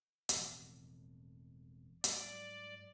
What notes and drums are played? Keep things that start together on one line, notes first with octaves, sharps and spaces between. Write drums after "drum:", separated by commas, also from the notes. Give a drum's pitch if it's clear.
E1 F2 A2, drum: hi-hat
G#2 F#3 G3 D5, drum: hi-hat